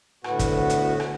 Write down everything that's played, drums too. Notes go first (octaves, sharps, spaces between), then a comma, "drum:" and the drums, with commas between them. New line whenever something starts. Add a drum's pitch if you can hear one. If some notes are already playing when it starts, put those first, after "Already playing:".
D2 A2 B3 F#4, drum: rim click
drum: kick, hi-hat
drum: hi-hat
drum: rim click